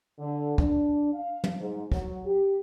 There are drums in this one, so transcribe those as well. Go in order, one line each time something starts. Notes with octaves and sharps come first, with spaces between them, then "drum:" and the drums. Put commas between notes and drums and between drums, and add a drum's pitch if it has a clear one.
D3
D4, drum: kick
F5
drum: tom
G#2
F#3, drum: kick
G4